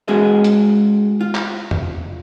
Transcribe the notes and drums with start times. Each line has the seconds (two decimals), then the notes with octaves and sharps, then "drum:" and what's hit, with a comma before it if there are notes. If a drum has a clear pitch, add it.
0.08 G#3 C#4 F#4 G#4 A4 D#5
0.44 drum: hi-hat
1.21 F4
1.35 drum: clap
1.71 drum: tom E2